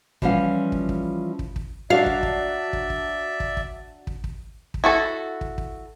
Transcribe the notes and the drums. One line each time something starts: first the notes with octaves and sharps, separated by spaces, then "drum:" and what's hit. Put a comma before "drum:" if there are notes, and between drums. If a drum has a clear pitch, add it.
E3 F3 G3 C#4 F5, drum: kick
drum: kick
drum: kick
drum: kick
drum: kick
F#3 D4 F#4 D5 E5 F5
drum: kick
drum: kick
drum: kick
drum: kick
drum: kick
drum: kick
drum: kick
drum: kick
drum: kick
E4 F#4 A4
drum: kick
drum: kick